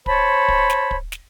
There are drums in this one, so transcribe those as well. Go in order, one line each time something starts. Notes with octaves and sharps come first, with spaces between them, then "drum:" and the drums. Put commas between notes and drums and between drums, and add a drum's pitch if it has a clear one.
C5 C#5 A5 B5, drum: kick
drum: kick
drum: snare
drum: kick
drum: snare